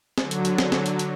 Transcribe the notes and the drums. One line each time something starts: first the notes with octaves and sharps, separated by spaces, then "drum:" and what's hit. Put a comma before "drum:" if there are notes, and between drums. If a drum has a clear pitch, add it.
D3 F#3, drum: snare
drum: hi-hat
drum: hi-hat
drum: snare
drum: snare
drum: hi-hat
drum: hi-hat